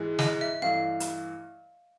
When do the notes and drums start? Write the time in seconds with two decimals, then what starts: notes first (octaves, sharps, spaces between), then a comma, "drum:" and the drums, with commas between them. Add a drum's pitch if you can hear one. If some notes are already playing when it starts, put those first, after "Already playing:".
Already playing: G#2 E3 G#3
0.19 D#5, drum: snare
0.41 E5
0.62 G2 E3 A3 F5
1.00 drum: hi-hat